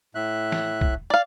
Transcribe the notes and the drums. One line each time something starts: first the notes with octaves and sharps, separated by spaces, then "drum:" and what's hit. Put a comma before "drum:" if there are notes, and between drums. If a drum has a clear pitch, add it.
A2 E5 F#6
drum: snare
drum: kick
D5 F5